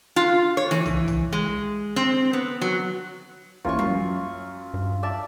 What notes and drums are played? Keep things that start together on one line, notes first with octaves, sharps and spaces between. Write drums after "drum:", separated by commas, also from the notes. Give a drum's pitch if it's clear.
F4
C#5
E3, drum: snare
drum: tom
drum: tom
G#3
C4
B3
F#3
E3 A#3 C#4 F4 G#5 C#6, drum: kick B1
F#2 C7, drum: tom F#3
G2
D5 E5 A5